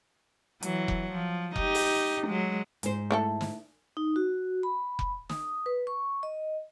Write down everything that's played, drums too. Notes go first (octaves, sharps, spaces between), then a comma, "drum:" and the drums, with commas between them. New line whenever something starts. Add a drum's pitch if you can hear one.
E3 F#3, drum: hi-hat
drum: kick F1
F3
D#4 G4, drum: kick F1
drum: open hi-hat
F#3 G#3
G#2 C5, drum: hi-hat
A3 E4 A4
drum: snare
D#4
F#4
B5
drum: kick F1
D#6, drum: snare
B4
C#6
D#5